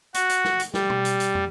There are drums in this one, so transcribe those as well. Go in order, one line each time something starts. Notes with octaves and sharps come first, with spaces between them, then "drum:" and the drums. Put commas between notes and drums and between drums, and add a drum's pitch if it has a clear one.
F#4, drum: hi-hat
drum: hi-hat
drum: snare
drum: hi-hat
G3, drum: snare
drum: tom B2
drum: hi-hat
drum: hi-hat
drum: tom